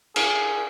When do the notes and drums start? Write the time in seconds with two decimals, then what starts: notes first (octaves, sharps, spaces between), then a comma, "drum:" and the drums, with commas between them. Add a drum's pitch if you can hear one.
0.16 G#4, drum: cymbal